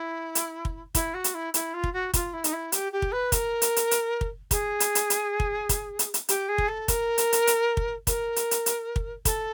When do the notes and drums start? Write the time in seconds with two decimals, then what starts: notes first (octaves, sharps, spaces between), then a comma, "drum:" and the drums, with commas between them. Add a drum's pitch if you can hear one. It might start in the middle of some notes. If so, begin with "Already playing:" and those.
Already playing: E4
0.35 drum: hi-hat
0.65 drum: kick
0.95 E4, drum: kick, hi-hat
1.14 F#4
1.24 drum: hi-hat
1.34 E4
1.54 E4, drum: hi-hat
1.74 F4
1.84 drum: kick
1.93 F#4
2.14 F4, drum: kick, hi-hat
2.33 E4
2.44 D#4, drum: hi-hat
2.53 E4
2.72 G4, drum: hi-hat
2.92 G4
3.02 drum: kick
3.12 B4
3.32 A#4, drum: kick, hi-hat
3.62 drum: hi-hat
3.76 drum: hi-hat
3.91 drum: hi-hat
4.21 drum: kick
4.51 G#4, drum: kick, hi-hat
4.80 drum: hi-hat
4.95 drum: hi-hat
5.10 drum: hi-hat
5.40 drum: kick
5.69 drum: kick, hi-hat
5.99 drum: hi-hat
6.14 drum: hi-hat
6.29 G4, drum: hi-hat
6.49 G#4
6.58 drum: kick
6.68 A4
6.88 A#4, drum: kick, hi-hat
7.18 drum: hi-hat
7.33 drum: hi-hat
7.47 drum: hi-hat
7.77 drum: kick
8.07 A#4, drum: kick, hi-hat
8.36 drum: hi-hat
8.51 drum: hi-hat
8.66 drum: hi-hat
8.96 drum: kick
9.25 A4, drum: kick, hi-hat